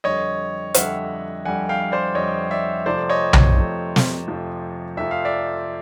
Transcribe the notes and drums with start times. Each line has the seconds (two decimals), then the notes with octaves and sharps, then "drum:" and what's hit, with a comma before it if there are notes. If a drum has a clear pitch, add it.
0.04 F2 D3 G3 C#5 D#5
0.74 F2 D3 G3 E5 F#5, drum: hi-hat
1.45 F2 D3 G3 F#5 G#5
1.69 F5 G5
1.92 C5 D5
2.15 F2 D3 G3 C#5 D#5
2.51 D5 E5
2.86 F2 C3 F3 A3 C5 D5
3.10 C#5 D#5
3.33 C#5 D#5, drum: tom B1
3.56 F2 C3 F3 A3
3.96 drum: snare
4.27 F2 C3 F3 A3
4.97 F2 C3 F3 A3 E5
5.11 F5
5.25 D5 E5